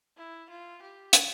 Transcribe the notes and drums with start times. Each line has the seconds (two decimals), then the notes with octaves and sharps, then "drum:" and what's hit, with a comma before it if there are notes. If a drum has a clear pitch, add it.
0.17 E4
0.49 F4
0.82 G4
1.13 drum: hi-hat